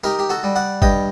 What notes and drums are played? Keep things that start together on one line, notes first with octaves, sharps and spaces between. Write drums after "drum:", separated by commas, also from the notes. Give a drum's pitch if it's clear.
D#4 G4 A#4
G4
F#4 A4
G3
D5 F#5
G2 D#5 G5, drum: kick